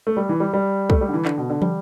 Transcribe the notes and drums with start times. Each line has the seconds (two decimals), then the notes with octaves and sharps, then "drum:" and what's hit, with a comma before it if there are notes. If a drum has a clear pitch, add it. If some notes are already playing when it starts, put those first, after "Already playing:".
0.07 A3
0.17 G3
0.29 E3
0.40 G3
0.53 G3
0.90 A3, drum: kick
1.01 G3
1.08 D3
1.14 E3
1.25 D3, drum: clap
1.38 B2
1.50 D3
1.62 G3, drum: tom